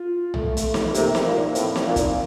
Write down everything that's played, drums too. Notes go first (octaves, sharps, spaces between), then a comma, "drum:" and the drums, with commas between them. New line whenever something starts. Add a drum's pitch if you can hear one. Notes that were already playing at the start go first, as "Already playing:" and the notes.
Already playing: F4
A3, drum: tom
A3, drum: hi-hat
drum: snare
C3 A#3, drum: hi-hat
drum: snare
A#2
A2 C4, drum: hi-hat
drum: snare
A#2
drum: kick, hi-hat